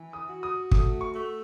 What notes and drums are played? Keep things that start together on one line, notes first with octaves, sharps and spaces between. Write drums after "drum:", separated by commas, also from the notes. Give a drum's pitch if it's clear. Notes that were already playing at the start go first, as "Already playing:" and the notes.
Already playing: E3
D#6
F#4
D#6
A3 D#6, drum: kick
C#6
A3